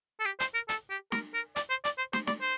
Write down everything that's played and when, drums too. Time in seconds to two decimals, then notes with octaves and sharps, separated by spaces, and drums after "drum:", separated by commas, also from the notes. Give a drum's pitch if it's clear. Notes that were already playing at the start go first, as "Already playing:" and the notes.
0.20 A4
0.26 G4
0.40 C5, drum: hi-hat
0.54 A#4
0.69 A4, drum: hi-hat
0.90 G4
1.12 A#4, drum: snare
1.34 A#4
1.56 D5, drum: hi-hat
1.70 C5
1.84 D5, drum: hi-hat
1.98 C5
2.13 C5, drum: snare
2.27 D5, drum: snare
2.42 C5